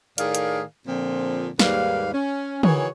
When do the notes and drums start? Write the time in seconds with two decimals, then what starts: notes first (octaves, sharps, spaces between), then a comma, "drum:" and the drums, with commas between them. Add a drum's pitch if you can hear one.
0.18 A2 D#3 G#4 A#4 D5 F5, drum: hi-hat
0.35 drum: hi-hat
0.87 A#2 D3 F3 C4
1.59 D#2 G#2 G3 A#3 B4 F5, drum: snare
2.14 C#4
2.63 D#3 E3 F#4 G#4 C#5, drum: tom